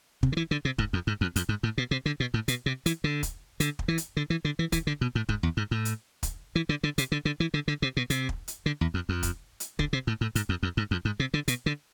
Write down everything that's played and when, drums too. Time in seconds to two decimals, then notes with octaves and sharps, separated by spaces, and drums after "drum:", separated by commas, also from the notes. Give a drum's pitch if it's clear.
0.23 C3, drum: kick
0.32 D3
0.37 E3
0.51 D3
0.65 C3
0.78 G#2, drum: kick
0.93 F2
1.07 G#2
1.21 F2
1.36 F2, drum: hi-hat
1.49 G#2
1.63 A2
1.78 B2
1.91 C3
2.06 D3
2.20 B2
2.34 A2
2.48 B2, drum: hi-hat
2.66 C3
2.86 E3, drum: hi-hat
3.04 D3
3.23 drum: kick, hi-hat
3.60 D3, drum: hi-hat
3.79 drum: kick
3.88 E3
3.98 drum: hi-hat
4.17 D3
4.30 E3
4.45 D3
4.59 E3
4.72 E3, drum: kick, hi-hat
4.87 D3
5.01 B2
5.15 A2
5.29 G#2, drum: kick
5.43 E2
5.57 G#2
5.71 A2
5.85 drum: hi-hat
6.23 drum: kick, hi-hat
6.55 E3
6.69 D3
6.83 D3
6.98 C3, drum: hi-hat
7.12 D3
7.25 D3
7.40 E3
7.54 D3
7.68 D3
7.82 C3
7.97 B2
8.10 C3, drum: hi-hat
8.29 drum: kick
8.48 drum: hi-hat
8.66 D3
8.81 E2
8.94 F2
9.09 F2
9.23 drum: kick, hi-hat
9.60 drum: hi-hat
9.79 D3, drum: kick
9.93 C3
10.07 A2
10.21 A2
10.35 G#2, drum: hi-hat
10.49 F2
10.63 F2
10.77 G#2
10.91 F2
11.05 G#2
11.20 C3
11.34 D3
11.48 B2, drum: hi-hat
11.66 D3